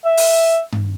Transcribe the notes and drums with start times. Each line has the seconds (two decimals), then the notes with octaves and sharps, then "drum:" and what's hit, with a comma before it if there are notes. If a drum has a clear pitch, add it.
0.05 E5
0.17 drum: open hi-hat
0.72 drum: tom G2